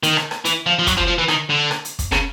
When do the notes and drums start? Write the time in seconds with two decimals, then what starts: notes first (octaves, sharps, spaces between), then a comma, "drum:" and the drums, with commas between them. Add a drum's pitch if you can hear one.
0.03 D#3, drum: hi-hat
0.17 drum: rim click
0.31 drum: rim click
0.45 E3, drum: hi-hat
0.66 F3
0.79 F3
0.87 F#3, drum: kick, hi-hat
0.97 F3
1.07 F3
1.18 E3
1.28 D#3, drum: rim click
1.50 D3
1.71 drum: rim click
1.85 drum: hi-hat
1.99 drum: kick, hi-hat
2.12 C#3, drum: rim click